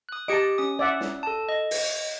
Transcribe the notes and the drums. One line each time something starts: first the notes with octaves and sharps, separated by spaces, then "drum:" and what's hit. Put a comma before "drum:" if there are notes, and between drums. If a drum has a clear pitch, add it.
D#6 F#6
G4 D#5 A5 C#7 D7
C#4 D#6
D5 E5 F#5
drum: snare
A4 A5
D#5
drum: open hi-hat